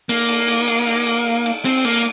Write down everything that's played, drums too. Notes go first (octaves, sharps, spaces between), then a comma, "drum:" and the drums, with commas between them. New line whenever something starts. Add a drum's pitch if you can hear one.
A#3, drum: cymbal
drum: cymbal
drum: cymbal
drum: cymbal
drum: cymbal
drum: cymbal
drum: cymbal
C4, drum: cymbal
A#3, drum: cymbal